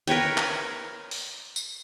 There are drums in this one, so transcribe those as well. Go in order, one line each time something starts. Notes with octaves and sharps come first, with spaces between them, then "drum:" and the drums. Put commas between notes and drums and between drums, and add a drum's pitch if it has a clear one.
A#4 B4 C#5 G5, drum: cymbal
drum: clap
drum: open hi-hat
drum: tambourine